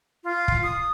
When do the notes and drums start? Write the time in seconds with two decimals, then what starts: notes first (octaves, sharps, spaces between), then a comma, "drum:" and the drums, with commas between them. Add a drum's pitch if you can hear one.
0.24 F4
0.48 drum: kick
0.63 D#6